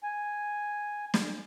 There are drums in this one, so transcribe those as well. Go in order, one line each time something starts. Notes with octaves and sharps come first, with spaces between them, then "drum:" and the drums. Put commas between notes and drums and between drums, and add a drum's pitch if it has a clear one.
G#5
drum: snare